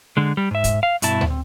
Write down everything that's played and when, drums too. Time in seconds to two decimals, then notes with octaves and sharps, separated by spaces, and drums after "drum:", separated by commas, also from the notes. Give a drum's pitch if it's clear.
0.17 D3 G#3
0.37 G3
0.51 G#2 E5
0.64 drum: kick, hi-hat
0.83 F5
1.02 G2 B2 E4 A5, drum: hi-hat
1.21 drum: tom D2
1.30 C4